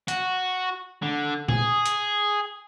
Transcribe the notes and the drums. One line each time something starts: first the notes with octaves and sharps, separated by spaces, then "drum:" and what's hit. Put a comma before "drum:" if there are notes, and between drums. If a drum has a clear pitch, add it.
F#4, drum: hi-hat
D3
G#4, drum: tom A#2
drum: hi-hat